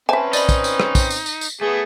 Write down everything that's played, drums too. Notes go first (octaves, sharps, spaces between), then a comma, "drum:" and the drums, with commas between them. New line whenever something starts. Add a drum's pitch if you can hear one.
C4 C#4 B4 C5 E5 G#5 A5
D#4 D5 D#5 B5, drum: tambourine
drum: kick, tambourine
drum: tambourine
drum: rim click
drum: kick, tambourine
drum: tambourine
drum: tambourine
drum: tambourine
A3 B3 G#4